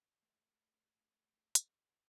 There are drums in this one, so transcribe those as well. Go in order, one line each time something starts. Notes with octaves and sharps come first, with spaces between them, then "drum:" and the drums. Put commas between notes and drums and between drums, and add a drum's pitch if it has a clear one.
A3 G#4 A#4 E5
drum: hi-hat